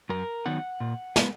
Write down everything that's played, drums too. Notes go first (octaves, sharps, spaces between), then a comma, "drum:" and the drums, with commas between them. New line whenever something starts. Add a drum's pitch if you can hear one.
F#2 A#4
D#3 F#3 B3 D#4 F#5
A#2
G#3 B3, drum: snare